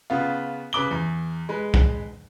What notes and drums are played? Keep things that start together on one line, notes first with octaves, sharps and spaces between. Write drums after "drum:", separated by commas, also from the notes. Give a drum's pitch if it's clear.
C#3 B3 F4
C#3 B4 D6 G7
E2
G#3 B4
drum: kick C2